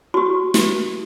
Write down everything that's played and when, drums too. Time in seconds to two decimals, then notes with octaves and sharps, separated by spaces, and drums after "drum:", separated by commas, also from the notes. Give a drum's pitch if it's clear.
0.14 F#4 G4
0.54 drum: snare